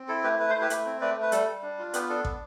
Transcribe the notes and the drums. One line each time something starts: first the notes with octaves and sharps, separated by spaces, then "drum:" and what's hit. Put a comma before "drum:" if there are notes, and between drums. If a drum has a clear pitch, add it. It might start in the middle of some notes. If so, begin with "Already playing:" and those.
Already playing: C4
E4 A4
A3 G4 B4
A3 B4
E4 C5
G4 B4
A3, drum: hi-hat
C4
A3 B4 D5
A3
B4
G3 A4, drum: hi-hat
G3
D4
F4
B3 G4 B4, drum: hi-hat
D4 A4
B3, drum: kick